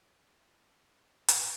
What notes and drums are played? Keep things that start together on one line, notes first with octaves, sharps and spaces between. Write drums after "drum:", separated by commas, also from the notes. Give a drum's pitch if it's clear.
B5
A#5
drum: hi-hat